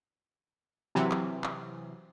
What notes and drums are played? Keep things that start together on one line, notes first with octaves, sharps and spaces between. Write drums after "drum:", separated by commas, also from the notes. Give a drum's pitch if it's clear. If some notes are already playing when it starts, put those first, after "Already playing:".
C3 E3 F#3
drum: clap
drum: clap